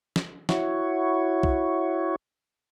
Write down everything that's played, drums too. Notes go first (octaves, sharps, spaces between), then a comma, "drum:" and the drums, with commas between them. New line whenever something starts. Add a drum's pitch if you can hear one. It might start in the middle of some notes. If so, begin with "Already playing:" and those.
drum: snare
E4 F#4 C#5, drum: snare
drum: kick